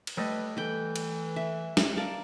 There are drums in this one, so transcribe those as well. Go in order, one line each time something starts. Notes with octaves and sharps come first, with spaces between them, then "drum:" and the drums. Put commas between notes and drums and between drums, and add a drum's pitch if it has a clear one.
drum: cymbal
G3 A3 B4 D#5
E3 A4 B4 G5
drum: cymbal
E5
drum: snare
A#4 D5 F5 A5